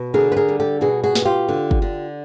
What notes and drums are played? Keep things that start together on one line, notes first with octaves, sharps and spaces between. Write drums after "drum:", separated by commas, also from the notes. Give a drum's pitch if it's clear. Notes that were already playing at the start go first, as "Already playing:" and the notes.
Already playing: B2
D3 G#4 A#4
B4
G#4 A#4
G3
G4 A4
B2 F#4 G#4
F#4 G#4
B2, drum: snare
F#4
F4 G4
D3
drum: kick
D3